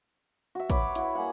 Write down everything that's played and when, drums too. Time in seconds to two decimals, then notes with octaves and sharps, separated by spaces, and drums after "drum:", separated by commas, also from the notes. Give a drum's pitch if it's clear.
0.55 F#4 E5
0.70 C#5 B5 D6, drum: kick A1, hi-hat
0.95 E4 F#5, drum: hi-hat
1.15 A#3 G#4 F#5